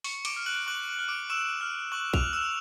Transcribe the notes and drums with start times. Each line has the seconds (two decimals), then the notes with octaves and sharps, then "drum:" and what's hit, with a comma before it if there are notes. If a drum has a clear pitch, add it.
0.04 C#6 C#7, drum: open hi-hat
0.25 D6 D7, drum: cymbal
0.36 F6
0.46 F#6 F#7
0.67 C#6 F#6 F#7
0.99 F6
1.08 D6 D7
1.29 C#6 E6 E7
1.61 F6
1.92 C#6 F#6 F#7
2.14 F6 F7, drum: kick
2.24 F6
2.33 E6 E7